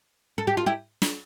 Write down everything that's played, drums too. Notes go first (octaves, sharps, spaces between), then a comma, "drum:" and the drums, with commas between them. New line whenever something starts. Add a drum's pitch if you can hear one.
A4
G4
F4
E4 G4
drum: snare